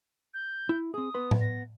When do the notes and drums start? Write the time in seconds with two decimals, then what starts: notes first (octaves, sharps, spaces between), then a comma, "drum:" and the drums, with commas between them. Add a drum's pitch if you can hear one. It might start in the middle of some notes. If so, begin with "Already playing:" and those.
0.34 G6
0.69 E4
0.94 C4 G#4 D#6
1.14 B3 B4 C6
1.31 drum: tom A2
1.41 A#6